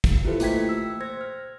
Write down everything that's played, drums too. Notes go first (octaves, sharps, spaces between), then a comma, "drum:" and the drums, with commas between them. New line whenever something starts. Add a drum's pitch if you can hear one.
drum: kick, hi-hat
E4 F4 G4 A4 B4 C5
A3 A#3 F4 G5 G#6 B6, drum: hi-hat
E6
C5 G#6 A#6
F6